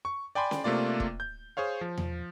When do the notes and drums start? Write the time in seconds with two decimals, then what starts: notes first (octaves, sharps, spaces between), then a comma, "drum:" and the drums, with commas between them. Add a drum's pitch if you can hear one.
0.05 C#6
0.35 D5 G5 G#5 B5 C6
0.51 drum: snare C#4
0.64 C3 A3 A#3 F4 D5
1.00 drum: kick E1
1.20 G6
1.57 G#4 C5 C#5 F5
1.81 F3
1.98 drum: tom E2